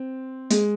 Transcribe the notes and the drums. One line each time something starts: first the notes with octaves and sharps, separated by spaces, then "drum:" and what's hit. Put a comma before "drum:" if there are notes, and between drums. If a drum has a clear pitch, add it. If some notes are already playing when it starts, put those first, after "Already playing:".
Already playing: C4
G#3, drum: hi-hat